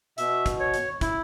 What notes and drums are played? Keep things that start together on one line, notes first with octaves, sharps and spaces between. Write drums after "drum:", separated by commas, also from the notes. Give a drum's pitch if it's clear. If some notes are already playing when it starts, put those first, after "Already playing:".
B2 E5, drum: hi-hat
drum: kick, hi-hat
C#5
drum: hi-hat
E4, drum: kick, hi-hat